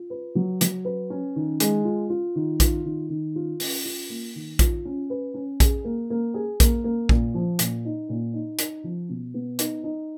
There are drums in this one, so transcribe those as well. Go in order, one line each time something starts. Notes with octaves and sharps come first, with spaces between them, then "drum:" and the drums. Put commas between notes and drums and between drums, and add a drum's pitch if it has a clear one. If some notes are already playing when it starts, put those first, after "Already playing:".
Already playing: F4
B4
F#3
F#3, drum: hi-hat
B4
C#4
D#3
G#3, drum: hi-hat
F4
F4
D#3
F4, drum: kick A#1, hi-hat
D#3
D#3
F4
C#4, drum: open hi-hat
F4
A#3
D#3
F4, drum: kick A#1, hi-hat
C#4
B4
C#4
G#4, drum: kick A#1, hi-hat
A#3
A#3
G#4
A#3, drum: kick A#1, hi-hat
A#3
A#2, drum: kick A#1
F3
A#2, drum: hi-hat
D#4
A#2
D#4
D#4, drum: hi-hat
F3
B2
B3
D#4, drum: hi-hat
D#4